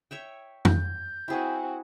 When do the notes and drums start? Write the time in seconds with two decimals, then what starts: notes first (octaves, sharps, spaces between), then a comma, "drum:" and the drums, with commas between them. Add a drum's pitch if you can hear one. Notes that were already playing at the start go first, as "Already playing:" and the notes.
0.11 C#5 E5 G5
0.65 G6, drum: tom F2
1.28 C4 E4 F#4 G#4 B4